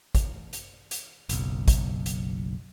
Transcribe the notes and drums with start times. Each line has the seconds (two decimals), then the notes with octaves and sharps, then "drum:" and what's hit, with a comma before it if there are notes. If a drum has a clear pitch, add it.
0.15 drum: kick, hi-hat
0.53 drum: hi-hat
0.91 drum: hi-hat
1.29 F#1 B1, drum: hi-hat
1.68 drum: kick, hi-hat
2.06 drum: hi-hat